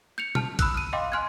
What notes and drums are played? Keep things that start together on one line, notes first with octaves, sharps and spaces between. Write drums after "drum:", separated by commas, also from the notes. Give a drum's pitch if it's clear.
G6 C#7 F7
A5 F6, drum: tom B2
B5 D#6 E6 F#6, drum: kick A#1, hi-hat
F6 D#7
D#5 F5 G5 C6 D6
G#5 C6 F6 F#6 G#6